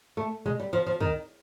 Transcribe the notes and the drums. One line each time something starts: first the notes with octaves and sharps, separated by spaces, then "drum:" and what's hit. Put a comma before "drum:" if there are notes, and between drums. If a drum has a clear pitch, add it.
A3
G#3, drum: tom A#2
G3
F3
F3
D#3, drum: kick